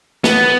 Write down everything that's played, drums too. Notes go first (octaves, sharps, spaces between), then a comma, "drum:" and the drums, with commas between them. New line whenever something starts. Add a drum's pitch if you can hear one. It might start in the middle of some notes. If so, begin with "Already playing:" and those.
B3, drum: snare